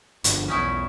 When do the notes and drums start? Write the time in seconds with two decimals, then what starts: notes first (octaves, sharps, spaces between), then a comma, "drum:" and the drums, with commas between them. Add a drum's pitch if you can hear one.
0.24 G1 D3 F3, drum: hi-hat
0.48 B1 E2 C#4 D#4 E4